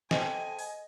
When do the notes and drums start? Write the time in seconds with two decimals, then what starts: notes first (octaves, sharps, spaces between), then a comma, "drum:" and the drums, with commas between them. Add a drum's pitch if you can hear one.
0.11 A4 C5 D#5 G5 G#5, drum: snare
0.59 drum: open hi-hat